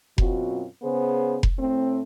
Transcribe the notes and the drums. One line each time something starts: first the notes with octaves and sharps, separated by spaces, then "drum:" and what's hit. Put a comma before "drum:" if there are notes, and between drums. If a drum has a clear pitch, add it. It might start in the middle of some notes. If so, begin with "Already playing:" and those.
F#2 B2 C4 F4 F#4, drum: kick F1
C#3 B3 G#4 C5
drum: kick F1
A2 A3 C4